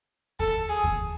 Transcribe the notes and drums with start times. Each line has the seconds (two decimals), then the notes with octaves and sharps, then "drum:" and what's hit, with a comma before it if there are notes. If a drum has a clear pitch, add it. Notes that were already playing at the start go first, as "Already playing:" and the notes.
0.40 A4, drum: kick
0.69 G#4
0.84 drum: kick